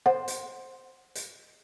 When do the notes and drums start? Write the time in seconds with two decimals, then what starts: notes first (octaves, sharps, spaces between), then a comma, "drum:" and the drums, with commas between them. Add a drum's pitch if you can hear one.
0.06 C5 F#5
0.28 drum: hi-hat
1.15 drum: hi-hat